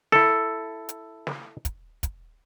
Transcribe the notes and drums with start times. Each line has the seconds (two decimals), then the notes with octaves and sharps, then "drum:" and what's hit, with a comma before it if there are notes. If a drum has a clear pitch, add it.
0.12 E4 A4, drum: snare
0.89 drum: hi-hat
1.27 drum: snare
1.65 drum: kick, hi-hat
2.03 drum: kick, hi-hat